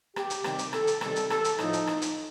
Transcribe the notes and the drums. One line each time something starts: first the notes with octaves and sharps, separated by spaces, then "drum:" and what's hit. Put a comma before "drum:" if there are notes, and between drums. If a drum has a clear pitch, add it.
G4, drum: rim click
drum: hi-hat
C3 D#3 G3 G4, drum: rim click
drum: hi-hat
A4, drum: rim click
drum: hi-hat
C3 D#3 G3 A4, drum: rim click
drum: hi-hat
A4, drum: rim click
drum: hi-hat
A2 F3 D#4, drum: rim click
drum: hi-hat
drum: rim click
drum: hi-hat